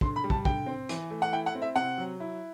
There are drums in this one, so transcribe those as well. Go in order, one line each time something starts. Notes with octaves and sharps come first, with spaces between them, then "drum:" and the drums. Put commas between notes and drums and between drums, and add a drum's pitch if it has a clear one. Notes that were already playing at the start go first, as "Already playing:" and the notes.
D3 C6, drum: kick
B5
G3
A5, drum: kick
D3 G5, drum: kick
C4
E3, drum: hi-hat
A3
F#5
E4 G5
F#5
C4
E5
C3 F#5
F#3
E4